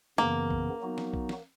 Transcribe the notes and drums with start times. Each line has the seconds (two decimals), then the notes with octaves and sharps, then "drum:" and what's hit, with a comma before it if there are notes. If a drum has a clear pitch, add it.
0.18 F#2 C#3 E3 A#3 B3, drum: snare
0.50 drum: kick
0.81 F#3 B3 D#4 F#4
0.98 drum: snare
1.14 drum: kick
1.29 drum: snare